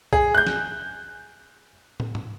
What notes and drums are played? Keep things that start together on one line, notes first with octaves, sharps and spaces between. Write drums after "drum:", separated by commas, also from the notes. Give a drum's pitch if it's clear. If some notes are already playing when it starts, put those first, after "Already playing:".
G#4, drum: kick
F#6 G6
drum: snare
drum: tom
drum: tom G#2